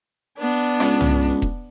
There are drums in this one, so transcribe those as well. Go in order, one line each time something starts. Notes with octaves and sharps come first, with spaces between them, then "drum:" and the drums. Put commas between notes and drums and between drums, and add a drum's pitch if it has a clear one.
B3 D4
C#2, drum: rim click
drum: tom
drum: kick E1